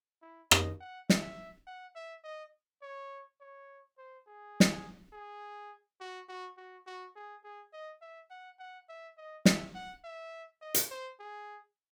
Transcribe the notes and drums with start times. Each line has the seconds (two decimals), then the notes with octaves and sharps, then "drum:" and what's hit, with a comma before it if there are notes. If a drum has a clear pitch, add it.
0.22 E4
0.51 D#5, drum: rim click
0.80 F#5
1.09 E5, drum: snare
1.67 F#5
1.95 E5
2.24 D#5
2.82 C#5
3.40 C#5
3.98 C5
4.27 G#4
4.60 drum: snare
5.13 G#4
6.00 F#4
6.29 F#4
6.57 F#4
6.86 F#4
7.16 G#4
7.44 G#4
7.73 D#5
8.01 E5
8.30 F#5
8.59 F#5
8.89 E5
9.17 D#5
9.45 E5, drum: snare
9.75 F#5
10.04 E5
10.62 D#5
10.74 drum: hi-hat
10.91 C5
11.20 G#4